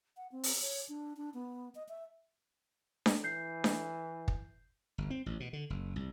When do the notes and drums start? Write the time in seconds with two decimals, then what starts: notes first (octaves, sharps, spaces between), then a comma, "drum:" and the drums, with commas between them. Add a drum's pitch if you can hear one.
0.17 F#5
0.32 C4
0.43 drum: open hi-hat
0.62 C#5
0.89 D4
1.17 D4
1.34 B3
1.75 D#5
1.89 E5
3.06 drum: snare D4
3.24 E3 G6 C7
3.64 drum: snare D4
4.28 drum: kick
4.98 G1
5.10 C4
5.26 A1
5.40 B2
5.53 D3
5.70 F#1
5.96 C2